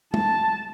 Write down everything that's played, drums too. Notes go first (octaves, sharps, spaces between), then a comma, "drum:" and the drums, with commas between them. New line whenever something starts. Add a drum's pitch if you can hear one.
A5, drum: tom G#3